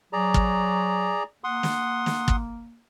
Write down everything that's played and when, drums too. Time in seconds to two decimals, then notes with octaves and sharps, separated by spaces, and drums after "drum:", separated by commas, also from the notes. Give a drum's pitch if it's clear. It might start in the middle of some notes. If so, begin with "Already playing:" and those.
0.13 F#3 G#4 D5 A#5
0.34 drum: kick
1.44 A#3 F#5 C6 D#6
1.63 drum: snare
2.06 drum: snare
2.28 drum: kick